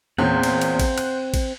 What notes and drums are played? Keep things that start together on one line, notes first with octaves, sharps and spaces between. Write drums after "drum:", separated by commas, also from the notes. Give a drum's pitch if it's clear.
E2 A#2 C4 C#4 C5 F5 F#5
drum: cymbal
drum: cymbal
drum: kick, cymbal
F#6, drum: cymbal
drum: kick, cymbal